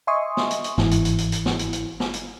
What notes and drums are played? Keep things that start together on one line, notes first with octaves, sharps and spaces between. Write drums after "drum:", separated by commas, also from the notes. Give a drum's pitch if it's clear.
D#5 E5 G#5 C6 C#6 D#6
drum: snare
drum: hi-hat
drum: hi-hat
G1 G#2 E3 E4, drum: snare
drum: hi-hat
drum: hi-hat
drum: hi-hat
drum: hi-hat
drum: snare
drum: hi-hat
drum: hi-hat
drum: snare
drum: hi-hat